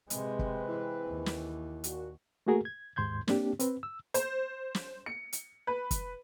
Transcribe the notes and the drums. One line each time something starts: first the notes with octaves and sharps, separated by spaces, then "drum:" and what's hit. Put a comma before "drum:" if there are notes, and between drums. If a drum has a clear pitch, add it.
C3 G#3 C4 G#4 B4, drum: hi-hat
drum: kick
E3
D#2
drum: snare
A#2 F#4, drum: hi-hat
A3 A#3 F#4 G#4 A#4
G#6
D#2 G#2 C6 G6 G#6
A#3 C4 D4 G4, drum: snare
C4 B4, drum: hi-hat
E6
C5, drum: hi-hat
drum: snare
C#7
drum: hi-hat
B4
drum: kick, hi-hat